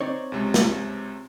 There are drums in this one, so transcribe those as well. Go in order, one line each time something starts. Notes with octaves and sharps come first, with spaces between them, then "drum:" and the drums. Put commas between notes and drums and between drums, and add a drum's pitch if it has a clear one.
C4 D#4 C#5 D5
C#2 C3 G#3
drum: snare